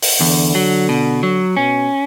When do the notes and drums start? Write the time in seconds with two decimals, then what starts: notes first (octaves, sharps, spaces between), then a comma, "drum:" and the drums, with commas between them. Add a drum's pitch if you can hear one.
0.02 drum: open hi-hat
0.20 E2 D3
0.55 F#3
0.89 B2
1.23 F#3
1.57 B2 C#4